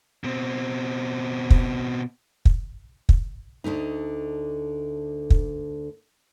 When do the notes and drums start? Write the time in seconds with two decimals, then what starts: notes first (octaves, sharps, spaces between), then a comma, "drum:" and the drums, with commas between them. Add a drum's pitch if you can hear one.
0.24 B2 C4
1.50 drum: kick
2.45 drum: kick
3.09 drum: kick
3.64 D2 D3 A3 D#4
5.30 drum: kick